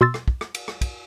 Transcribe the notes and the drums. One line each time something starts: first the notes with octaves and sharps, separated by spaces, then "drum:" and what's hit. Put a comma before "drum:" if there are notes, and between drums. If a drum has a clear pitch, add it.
B2 C6 E6 A6
drum: rim click
drum: kick
drum: rim click
drum: cymbal
drum: rim click
drum: kick, cymbal